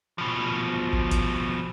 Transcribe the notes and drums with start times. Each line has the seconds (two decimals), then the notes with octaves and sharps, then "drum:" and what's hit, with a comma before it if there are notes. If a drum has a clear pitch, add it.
0.18 B2 F3
0.93 drum: kick
1.11 drum: kick, hi-hat